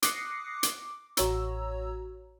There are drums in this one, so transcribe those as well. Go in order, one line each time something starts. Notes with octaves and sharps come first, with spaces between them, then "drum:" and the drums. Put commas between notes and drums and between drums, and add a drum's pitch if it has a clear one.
D6 D#6 F#6 A#6 C7 C#7, drum: hi-hat
D6, drum: hi-hat
A1 F#4 C#5 A#5 E6, drum: hi-hat